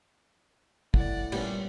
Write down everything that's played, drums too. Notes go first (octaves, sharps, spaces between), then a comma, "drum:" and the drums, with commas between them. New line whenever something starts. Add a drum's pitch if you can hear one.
A2 D5 F#5, drum: kick
A#2 G3 B3 C#4, drum: cymbal